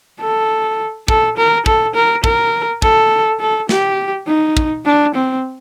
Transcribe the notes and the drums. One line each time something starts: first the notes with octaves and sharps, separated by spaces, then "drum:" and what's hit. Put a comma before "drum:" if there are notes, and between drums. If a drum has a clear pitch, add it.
A4
A4, drum: kick
A#4
A4, drum: kick
A#4
A#4, drum: kick
A4, drum: kick
A4
G4, drum: snare
D#4
drum: kick
D4
C4